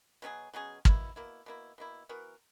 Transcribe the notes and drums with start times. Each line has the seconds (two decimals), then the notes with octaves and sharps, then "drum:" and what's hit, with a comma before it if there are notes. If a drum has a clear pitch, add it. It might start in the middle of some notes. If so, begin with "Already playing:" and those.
0.22 B2 F#3 C#4 G#4
0.53 B2 F#3 C#4 G#4
0.85 B2 A#3 E4, drum: kick
1.16 B2 A#3 E4
1.46 B2 A#3 E4
1.78 B2 A#3 E4
2.09 E3 B3 F#4 A#4